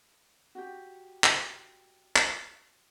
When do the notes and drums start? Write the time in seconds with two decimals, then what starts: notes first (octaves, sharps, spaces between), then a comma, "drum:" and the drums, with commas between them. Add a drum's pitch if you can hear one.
0.55 F#4 G4
1.24 drum: clap
2.16 drum: clap